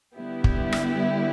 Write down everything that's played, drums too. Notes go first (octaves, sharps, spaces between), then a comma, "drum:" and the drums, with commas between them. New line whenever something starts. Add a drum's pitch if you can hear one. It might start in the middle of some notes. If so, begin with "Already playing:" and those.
D3 G3 B3 E4 G4
drum: kick
drum: rim click